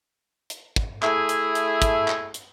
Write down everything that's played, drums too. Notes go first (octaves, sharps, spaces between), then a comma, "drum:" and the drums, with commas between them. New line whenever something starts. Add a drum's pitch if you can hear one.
drum: hi-hat
drum: kick
A3 E4 G#4, drum: clap
drum: hi-hat
drum: hi-hat
drum: kick, hi-hat
drum: clap
drum: hi-hat